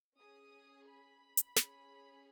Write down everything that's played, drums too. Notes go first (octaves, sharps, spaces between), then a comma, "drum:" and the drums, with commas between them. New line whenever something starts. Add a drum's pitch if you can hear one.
C#4 G#4 D#6
B5
drum: hi-hat
C#4 G#4, drum: snare